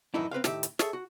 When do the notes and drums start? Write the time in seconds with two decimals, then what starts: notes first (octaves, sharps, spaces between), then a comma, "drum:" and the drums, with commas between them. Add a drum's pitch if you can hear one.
0.14 F#2 A2 D#3 E3 D#4 E4
0.31 C4 B4 C5 F5
0.44 A2 D#3 G4 E5, drum: snare
0.63 drum: hi-hat
0.79 G#4 A4 C#5 E5, drum: snare
0.93 F#4